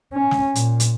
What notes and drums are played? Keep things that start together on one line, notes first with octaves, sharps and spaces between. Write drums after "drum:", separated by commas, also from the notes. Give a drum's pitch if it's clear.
C#4
drum: snare
A#2, drum: hi-hat
drum: hi-hat